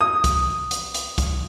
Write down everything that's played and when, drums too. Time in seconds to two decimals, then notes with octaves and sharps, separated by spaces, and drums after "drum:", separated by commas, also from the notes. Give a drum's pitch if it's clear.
0.01 D#6
0.24 drum: kick, hi-hat
0.71 drum: hi-hat
0.94 drum: hi-hat
1.18 drum: kick, hi-hat